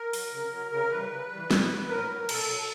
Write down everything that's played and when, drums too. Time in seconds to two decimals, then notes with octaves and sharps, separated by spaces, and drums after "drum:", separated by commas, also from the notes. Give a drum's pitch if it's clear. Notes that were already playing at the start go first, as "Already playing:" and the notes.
Already playing: A#4
0.13 F#3, drum: open hi-hat
0.33 C#3
0.52 F#3
0.71 C#3 A#4
0.91 E3 G3 B4
1.11 C#3
1.30 E3 G3
1.51 A2, drum: snare
1.70 F#3
1.90 A2 A#4
2.09 F#3
2.29 B2 A4, drum: cymbal
2.49 F#3